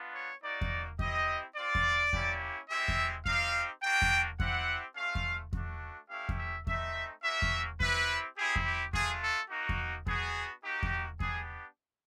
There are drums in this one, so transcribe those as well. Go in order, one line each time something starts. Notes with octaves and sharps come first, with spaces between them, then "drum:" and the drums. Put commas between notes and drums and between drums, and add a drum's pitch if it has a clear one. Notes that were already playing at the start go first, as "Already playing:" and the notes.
Already playing: B3 D4 F4
C#5
A#3 D#4 F#4 D5
drum: kick E2
C4 E4 G4 D#5, drum: kick E2
C4 F4 D5
drum: kick E2
A#3 C#4 E4 G4, drum: kick E2
G#3 C4 E4 G4 E5
drum: kick E2
C4 D#4 G4 F5, drum: kick E2
A#3 D4 F#4 G5
drum: kick E2
C4 E4 G4 F#5, drum: kick E2
A3 C#4 F4 F5
drum: kick E2
A3 D4 F#4, drum: kick E2
A3 C#4 E4 G4 F5
drum: kick E2
E5
A3 C4 D#4 E5, drum: kick E2
A#3 C#4 F#4 E5
drum: kick E2
C4 E4 G4 B4, drum: kick E2
C4 E4 G4 G#4
drum: kick E2
G4
A3 D4 F4 G#4, drum: kick E2
A4
A#3 D#4 F#4
drum: kick E2
B3 D4 F#4 G#4, drum: kick E2
A#3 D#4 F#4 G4
drum: kick E2
B3 D4 G4 G#4, drum: kick E2